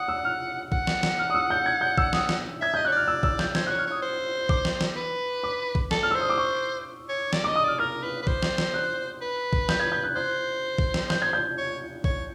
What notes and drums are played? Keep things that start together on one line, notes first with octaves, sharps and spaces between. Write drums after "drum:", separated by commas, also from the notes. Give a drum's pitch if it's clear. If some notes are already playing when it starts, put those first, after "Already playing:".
Already playing: F#5 D#6
E6
F#6
F6
F#5, drum: kick A#1
drum: snare
drum: snare
F6
D#6
E6
G6
G#6
G6
E6, drum: kick A#1
D#6, drum: snare
drum: snare
E5 G#6
D#5 G6
C#5 F#6
D5 F6
E6
E6, drum: kick A#1
G6, drum: snare
C5 G#6, drum: snare
C#5 F#6
F6
C#5 D#6
C5
D6, drum: kick A#1
drum: snare
drum: snare
B4
D6
drum: kick A#1
A4, drum: snare
F6
C5 E6
D#6
D6
C#6
C#5
D5, drum: snare
D#5 D6
D#6
D5 F6
A#4 F6
B4
B4
C5, drum: kick A#1
drum: snare
drum: snare
F#6
B4
drum: kick A#1
G6, drum: snare
G#6
G6
F#6
C5 F#6
drum: kick A#1
drum: snare
G6, drum: snare
G#6
G6
C#5
C#5, drum: kick A#1